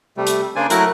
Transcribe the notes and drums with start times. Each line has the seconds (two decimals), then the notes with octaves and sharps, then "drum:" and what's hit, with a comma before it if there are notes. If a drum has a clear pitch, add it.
0.17 C3 G3 A3
0.27 drum: hi-hat
0.56 C#3 A#3 D4 C5 D5 G#5
0.70 F#3 A3 E4 A#4 F#6, drum: hi-hat